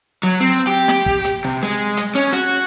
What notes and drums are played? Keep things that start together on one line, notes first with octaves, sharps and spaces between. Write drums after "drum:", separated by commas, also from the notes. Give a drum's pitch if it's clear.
F#3
C4
G4
drum: snare
drum: kick
drum: hi-hat
C3
G#3
drum: hi-hat
C#4
F#4, drum: hi-hat